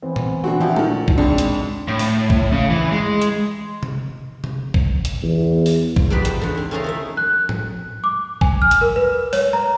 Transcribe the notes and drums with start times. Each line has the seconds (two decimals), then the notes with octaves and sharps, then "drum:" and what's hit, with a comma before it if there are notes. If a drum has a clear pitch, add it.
0.02 E3 B3 C4
0.16 drum: tom A#2
0.44 D3 C4 D4 F#4
0.60 F3 E4 G4
0.76 A#2 D#3 A4, drum: tom
1.08 drum: kick B1
1.18 C#2 G#3 C4 D4
1.38 drum: hi-hat
1.88 A2
1.99 drum: open hi-hat
2.30 drum: kick B1
2.52 C#3 C#4
2.70 E3
2.92 G#3
3.22 drum: hi-hat
3.83 drum: tom
4.44 drum: tom
4.74 drum: kick B1
5.05 drum: hi-hat
5.23 E2
5.66 drum: open hi-hat
5.96 drum: kick B1
6.10 G#2 F3 G3 B3 B4 B5
6.25 F3, drum: hi-hat
6.41 E2 D3
6.57 C4
6.71 C#3 A3 C#4 G#4 A4 A#5
6.84 D#3 F3 E5
7.17 F#6
7.49 drum: tom A2
8.04 D6
8.41 G#5, drum: kick B1
8.62 F6
8.71 drum: hi-hat
8.81 A#4
8.96 B4
9.33 C#5, drum: open hi-hat
9.53 A#5